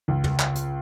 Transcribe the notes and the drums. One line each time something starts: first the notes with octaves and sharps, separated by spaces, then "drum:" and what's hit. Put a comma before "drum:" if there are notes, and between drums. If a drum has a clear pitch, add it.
C#2
drum: tom
drum: clap
drum: hi-hat